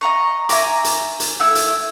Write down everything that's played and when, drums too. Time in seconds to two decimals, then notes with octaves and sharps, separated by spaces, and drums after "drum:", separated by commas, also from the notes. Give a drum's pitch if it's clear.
0.01 D#5 F5 A#5 C#6
0.49 E5 G#5 A#5 D6, drum: hi-hat
0.84 drum: hi-hat
1.20 drum: hi-hat
1.40 A3 E4 E6
1.55 drum: hi-hat